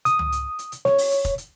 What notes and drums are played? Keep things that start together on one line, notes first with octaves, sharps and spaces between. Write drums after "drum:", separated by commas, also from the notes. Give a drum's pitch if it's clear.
D#6, drum: hi-hat
drum: tom C#2
drum: hi-hat
drum: hi-hat
drum: hi-hat
C#5, drum: snare
drum: open hi-hat
drum: hi-hat
drum: kick F1, hi-hat
drum: hi-hat